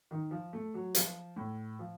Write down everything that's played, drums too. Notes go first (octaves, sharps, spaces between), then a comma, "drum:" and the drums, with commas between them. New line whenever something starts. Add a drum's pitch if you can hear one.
D#3
F3
A3
F#3
F3, drum: hi-hat
A2
F3